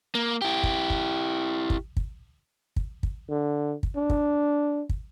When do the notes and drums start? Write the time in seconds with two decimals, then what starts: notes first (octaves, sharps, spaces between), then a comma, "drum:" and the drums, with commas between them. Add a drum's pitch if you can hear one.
0.15 A#3
0.42 E4 G4
0.63 drum: kick
0.90 drum: kick
1.70 drum: kick
1.97 drum: kick
2.76 drum: kick
3.03 drum: kick
3.30 D3
3.83 drum: kick
3.96 D4
4.10 drum: kick
4.89 drum: kick